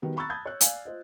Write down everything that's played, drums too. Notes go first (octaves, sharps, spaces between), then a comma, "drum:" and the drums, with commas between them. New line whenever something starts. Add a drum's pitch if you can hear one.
D#3 F#3 G3 B3
A#5 B5 C#6 E6 F#6 A6
A5 B5 D#6 G6 G#6
C#5 F#6
D5 F5 G#5, drum: hi-hat
F4 C5 D#5